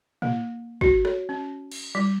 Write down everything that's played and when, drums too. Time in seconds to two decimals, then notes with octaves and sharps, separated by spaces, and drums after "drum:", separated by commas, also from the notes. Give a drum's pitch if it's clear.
0.22 A#3, drum: tom A2
0.81 F#4, drum: kick
1.05 C#5, drum: rim click
1.29 C#4
1.71 drum: cymbal
1.95 G3